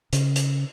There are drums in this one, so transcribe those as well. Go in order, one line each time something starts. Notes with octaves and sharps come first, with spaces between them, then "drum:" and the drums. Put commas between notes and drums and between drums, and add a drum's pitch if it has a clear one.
C#3, drum: hi-hat
drum: hi-hat